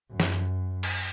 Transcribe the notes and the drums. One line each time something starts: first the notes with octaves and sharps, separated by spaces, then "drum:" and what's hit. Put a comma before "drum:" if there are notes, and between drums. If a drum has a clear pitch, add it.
F#2
drum: snare
drum: cymbal